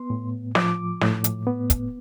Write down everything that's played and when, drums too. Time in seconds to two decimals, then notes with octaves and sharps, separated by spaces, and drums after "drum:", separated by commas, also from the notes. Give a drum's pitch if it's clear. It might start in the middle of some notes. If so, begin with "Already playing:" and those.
Already playing: B3 C6
0.10 A2
0.55 F3 D6, drum: snare
1.01 A2, drum: snare
1.24 drum: hi-hat
1.47 B3
1.70 drum: kick, hi-hat